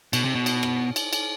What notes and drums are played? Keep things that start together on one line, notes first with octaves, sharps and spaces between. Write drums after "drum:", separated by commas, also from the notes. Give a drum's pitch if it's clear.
B2, drum: cymbal
C3
B2
drum: cymbal
drum: rim click
drum: cymbal
drum: cymbal